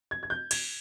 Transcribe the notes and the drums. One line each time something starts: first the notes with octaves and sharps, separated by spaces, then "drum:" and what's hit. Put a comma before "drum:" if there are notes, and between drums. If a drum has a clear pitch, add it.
G#6
G#6
G6
G#6, drum: cymbal